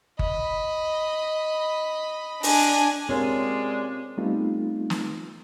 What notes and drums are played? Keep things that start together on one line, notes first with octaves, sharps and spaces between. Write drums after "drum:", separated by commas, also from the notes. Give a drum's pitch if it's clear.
D#5 B5, drum: kick G1
D4 G#5, drum: open hi-hat
G#3 C4 C#4 F4 G4 A#4 D5
G3 A3 B3 C4 D#4 F4
drum: snare